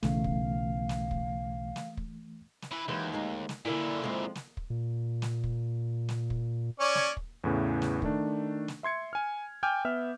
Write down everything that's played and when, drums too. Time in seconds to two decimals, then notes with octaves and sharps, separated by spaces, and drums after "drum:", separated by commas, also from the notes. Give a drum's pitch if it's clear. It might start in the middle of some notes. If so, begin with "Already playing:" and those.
0.03 B1 C#3 E3 A3 F5, drum: snare
0.24 drum: kick
0.89 drum: snare
1.11 drum: kick
1.76 drum: snare
1.97 drum: kick
2.62 drum: snare
2.72 E3 B4
2.88 D#2 E3 F#3 G#3
3.13 D2 G#3 D#4
3.49 drum: snare
3.65 A#2 D3 E3 A#3 E4
4.02 F3 G#3 C4
4.35 drum: snare
4.57 drum: kick
4.70 A#2
5.22 drum: snare
5.44 drum: kick
6.09 drum: snare
6.30 drum: kick
6.80 C#4 C#5 D5
6.95 drum: snare
7.17 drum: kick
7.44 E2 A2 C#3 E3
7.82 drum: snare
8.02 D#3 A3 D4, drum: kick
8.68 drum: snare
8.83 E5 C6 G#6 C#7
9.13 G#5 F6
9.63 G5 G#5 D6 F6 G6
9.85 B3 E5 F6